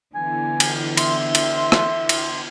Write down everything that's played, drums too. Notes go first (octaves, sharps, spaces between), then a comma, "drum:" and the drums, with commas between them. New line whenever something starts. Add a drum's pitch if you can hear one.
D3 E3 B3 G#5
drum: cymbal
E5 C6, drum: cymbal
drum: cymbal
drum: rim click
drum: cymbal